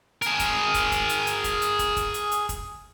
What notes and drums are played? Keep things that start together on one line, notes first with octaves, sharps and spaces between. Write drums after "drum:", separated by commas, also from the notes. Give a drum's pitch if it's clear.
G#4 A#4, drum: hi-hat
drum: kick, hi-hat
drum: kick, hi-hat
drum: kick, hi-hat
drum: hi-hat
drum: hi-hat
drum: kick, hi-hat
drum: hi-hat
drum: kick, hi-hat
drum: kick, hi-hat
drum: hi-hat
drum: hi-hat
drum: kick, hi-hat